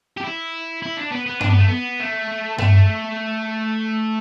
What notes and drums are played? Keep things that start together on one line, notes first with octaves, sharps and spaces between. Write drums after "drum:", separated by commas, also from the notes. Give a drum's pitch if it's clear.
G4
E4
E4
D4
B3
B3
D4, drum: tom G2
B3
A3
B3
A3
A3, drum: tom G2